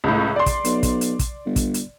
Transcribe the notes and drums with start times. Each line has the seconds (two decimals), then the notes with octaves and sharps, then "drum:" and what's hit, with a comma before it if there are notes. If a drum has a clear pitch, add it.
0.04 C#2 A2
0.36 D5 C6
0.46 drum: kick, hi-hat
0.65 B1, drum: hi-hat
0.83 drum: kick, hi-hat
1.01 drum: hi-hat
1.19 drum: kick, hi-hat
1.46 G1
1.56 drum: kick, hi-hat
1.74 drum: hi-hat